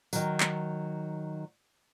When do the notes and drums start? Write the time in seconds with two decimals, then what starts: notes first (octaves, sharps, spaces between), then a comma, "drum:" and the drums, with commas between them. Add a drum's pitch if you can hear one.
0.13 D#3 F#3, drum: tambourine
0.40 drum: clap